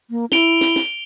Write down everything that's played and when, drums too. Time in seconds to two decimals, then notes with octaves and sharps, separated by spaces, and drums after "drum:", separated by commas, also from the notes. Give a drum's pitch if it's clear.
0.10 A#3
0.32 E4 D7 F7 G7, drum: snare
0.61 drum: snare
0.76 drum: snare